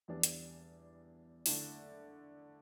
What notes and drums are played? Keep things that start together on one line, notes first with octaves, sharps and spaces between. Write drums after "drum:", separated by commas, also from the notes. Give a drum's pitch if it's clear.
E2 E3 G3 D4
drum: hi-hat
D3 A3 E4, drum: open hi-hat